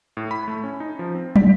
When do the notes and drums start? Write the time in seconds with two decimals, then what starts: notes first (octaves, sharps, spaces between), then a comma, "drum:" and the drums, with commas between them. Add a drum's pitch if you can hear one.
0.17 A2
0.31 B5
0.48 A3
0.64 C#4
0.80 D#4
0.99 F3
1.15 C4
1.36 B6, drum: tom